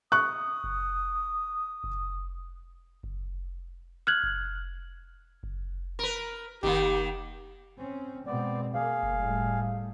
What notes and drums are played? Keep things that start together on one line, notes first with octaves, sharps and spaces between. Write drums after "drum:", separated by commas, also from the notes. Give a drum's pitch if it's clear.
C#6 D#6 F#6
drum: kick F#1
drum: kick F#1
drum: kick F#1
F6 F#6 G#6 F#7
drum: kick F#1
drum: kick F#1
A#4 B4
D#3 A#3 G4, drum: kick F#1
C4 C#4
B2 G#3 B3 C4 D5
A#3 G#4 F5
drum: kick F#1
A2 G3 A3